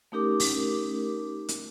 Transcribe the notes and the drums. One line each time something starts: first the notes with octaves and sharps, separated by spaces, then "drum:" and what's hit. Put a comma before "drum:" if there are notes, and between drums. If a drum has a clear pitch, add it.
A3 C#4 D#4 G4 A#4 D6
drum: open hi-hat
drum: hi-hat